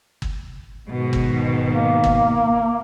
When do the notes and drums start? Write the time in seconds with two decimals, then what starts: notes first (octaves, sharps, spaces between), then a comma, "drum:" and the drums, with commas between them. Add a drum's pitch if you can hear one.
0.22 drum: kick
0.90 G#2 B2 D#3
1.13 drum: kick
1.73 A#3
2.04 drum: kick